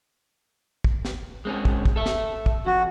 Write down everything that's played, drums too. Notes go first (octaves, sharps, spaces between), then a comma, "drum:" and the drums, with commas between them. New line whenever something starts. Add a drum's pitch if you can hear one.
drum: kick
drum: snare
G#3 C4 C#4
drum: kick
drum: kick
A4 E5
drum: snare
drum: kick
F2 F#4